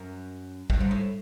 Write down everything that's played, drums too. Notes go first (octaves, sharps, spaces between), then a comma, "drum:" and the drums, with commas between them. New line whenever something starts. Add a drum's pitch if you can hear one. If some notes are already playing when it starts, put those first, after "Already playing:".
Already playing: F#2
G2, drum: kick
G#2
A2